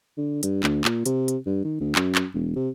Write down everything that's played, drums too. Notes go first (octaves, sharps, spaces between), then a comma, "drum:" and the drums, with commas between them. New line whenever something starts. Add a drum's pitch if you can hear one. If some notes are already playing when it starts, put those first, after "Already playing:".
D3
G2, drum: hi-hat
D2, drum: clap
A#2, drum: clap
C3, drum: hi-hat
drum: hi-hat
G2
D#3
D2
F#2, drum: clap
drum: clap
E1
C3